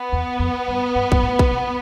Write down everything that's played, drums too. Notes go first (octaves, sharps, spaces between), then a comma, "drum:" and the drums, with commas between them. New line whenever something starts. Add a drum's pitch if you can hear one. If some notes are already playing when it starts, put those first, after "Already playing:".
Already playing: B3
E2
F2
G2
G2
G2, drum: kick A#1
A2
drum: kick A#1
B2